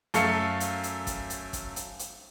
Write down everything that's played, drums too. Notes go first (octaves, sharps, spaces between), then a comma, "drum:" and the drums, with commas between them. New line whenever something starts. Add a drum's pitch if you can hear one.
F#2 A3 A4 F5 C#7, drum: hi-hat
drum: hi-hat
drum: hi-hat
drum: kick, hi-hat
drum: hi-hat
drum: kick, hi-hat
drum: hi-hat
drum: hi-hat